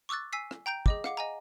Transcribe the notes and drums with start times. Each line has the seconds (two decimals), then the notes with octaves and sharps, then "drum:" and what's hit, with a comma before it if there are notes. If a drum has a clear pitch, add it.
0.09 C#6 D6 E6 F#6 A6
0.33 G#5 E6 B6 C7
0.51 drum: rim click
0.66 G5 A#5 G6 D7
0.86 G#4 D#5 D6, drum: kick
1.04 F5 F#5 D6, drum: rim click
1.17 D#5 G#5 A#5